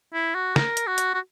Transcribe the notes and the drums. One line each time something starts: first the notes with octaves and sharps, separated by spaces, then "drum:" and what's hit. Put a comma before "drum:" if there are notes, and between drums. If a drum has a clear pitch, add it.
E4
F#4
A#4, drum: snare
drum: hi-hat
F#4
drum: hi-hat
F#4